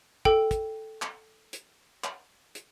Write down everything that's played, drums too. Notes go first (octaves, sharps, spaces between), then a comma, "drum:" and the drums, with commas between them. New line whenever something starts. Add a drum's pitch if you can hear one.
A4 G5, drum: kick
drum: kick, hi-hat
drum: clap
drum: hi-hat
drum: clap
drum: hi-hat